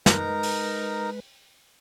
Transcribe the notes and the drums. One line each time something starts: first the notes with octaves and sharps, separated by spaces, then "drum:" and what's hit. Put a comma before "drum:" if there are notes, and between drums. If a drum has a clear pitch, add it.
G#3 D#4 A#4 B4 A#5, drum: snare
drum: open hi-hat